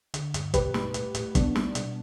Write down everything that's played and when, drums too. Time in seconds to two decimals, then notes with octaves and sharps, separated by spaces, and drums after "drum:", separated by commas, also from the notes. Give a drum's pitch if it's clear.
0.14 D3, drum: hi-hat
0.34 G2, drum: hi-hat
0.54 B2 G4 B4, drum: kick, hi-hat
0.74 G3, drum: snare
0.94 A2, drum: hi-hat
1.15 A2, drum: hi-hat
1.35 G3 B3 D4, drum: kick, hi-hat
1.56 G3, drum: snare
1.75 B2, drum: hi-hat